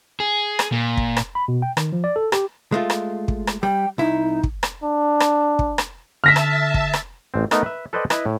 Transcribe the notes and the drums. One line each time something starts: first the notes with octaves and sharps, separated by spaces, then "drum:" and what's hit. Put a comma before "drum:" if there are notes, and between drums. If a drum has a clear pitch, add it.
G#4
drum: rim click
A#2
drum: kick
drum: rim click
B5
B2
G5
D#3, drum: rim click
F3
D5
A4
G4, drum: rim click
G#3 A3 F4
drum: rim click
drum: kick
drum: rim click
G3 G5
C2 D#4 E4
drum: kick
drum: rim click
D4
drum: rim click
drum: kick
drum: rim click
D3 E5 A5 F6 A#6 B6
drum: rim click
drum: kick
drum: rim click
A1 C4
A3 B3 D#4 A#4 D#5, drum: rim click
B4 E5
A4 B4 C5 D5 D#5 G5
E4 B4 D#5 E5, drum: rim click
A2